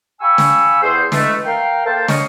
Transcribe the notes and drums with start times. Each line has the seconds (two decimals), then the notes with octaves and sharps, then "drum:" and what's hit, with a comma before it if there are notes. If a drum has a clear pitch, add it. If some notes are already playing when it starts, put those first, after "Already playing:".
0.21 F5 G5 G#5 B5 C#6 E6
0.38 drum: snare
0.82 E2 G#4 C5
1.12 E3 G#3 A3, drum: snare
1.45 A#4 F5 G5
1.85 A#3 A4 A#4 C5 G5 A5
2.08 C#5 D#5 F5 C#6, drum: snare